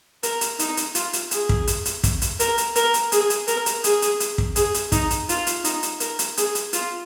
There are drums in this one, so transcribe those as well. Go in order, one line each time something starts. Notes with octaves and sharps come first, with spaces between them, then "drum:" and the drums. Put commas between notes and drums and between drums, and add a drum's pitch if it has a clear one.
A#4, drum: hi-hat
drum: hi-hat
D#4, drum: hi-hat
drum: hi-hat
F4, drum: hi-hat
drum: hi-hat
G#4, drum: hi-hat
drum: kick
drum: hi-hat
drum: hi-hat
drum: kick, hi-hat
drum: hi-hat
A#4, drum: hi-hat
drum: hi-hat
A#4, drum: hi-hat
drum: hi-hat
G#4, drum: hi-hat
drum: hi-hat
A#4, drum: hi-hat
drum: hi-hat
G#4, drum: hi-hat
drum: hi-hat
drum: hi-hat
drum: kick
G#4, drum: hi-hat
drum: hi-hat
D#4, drum: kick, hi-hat
drum: hi-hat
F4, drum: hi-hat
drum: hi-hat
D#4, drum: hi-hat
drum: hi-hat
A#4, drum: hi-hat
drum: hi-hat
G#4, drum: hi-hat
drum: hi-hat
F4, drum: hi-hat